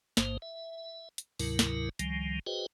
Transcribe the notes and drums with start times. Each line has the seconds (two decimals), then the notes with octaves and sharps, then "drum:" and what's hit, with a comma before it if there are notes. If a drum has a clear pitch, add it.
0.17 A1 G#2 A#3 C5, drum: snare
0.42 E5
1.18 drum: hi-hat
1.39 D2 G#2 C3 F#3 E4 A#4, drum: open hi-hat
1.59 drum: snare
1.99 C#2 D#3 F3 G3, drum: hi-hat
2.47 F#4 G#4 B4 C5 D#5 G5